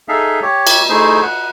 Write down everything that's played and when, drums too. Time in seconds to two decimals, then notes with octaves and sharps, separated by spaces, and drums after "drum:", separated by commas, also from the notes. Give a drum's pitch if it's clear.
0.08 D#4 G#4 A4 E5 F5
0.42 G4 C#5
0.67 drum: cymbal
0.89 A3 D#4 E4 G#4 C5
1.22 F#5